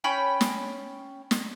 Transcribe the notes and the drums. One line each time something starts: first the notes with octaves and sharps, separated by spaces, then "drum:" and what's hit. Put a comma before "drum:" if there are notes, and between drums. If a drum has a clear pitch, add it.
C#4 G5 B5
drum: snare
drum: snare